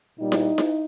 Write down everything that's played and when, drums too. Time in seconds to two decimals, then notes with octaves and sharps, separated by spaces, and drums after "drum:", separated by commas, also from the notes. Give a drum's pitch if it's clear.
0.18 A#2 G3 D#4
0.32 drum: snare E4
0.58 drum: snare E4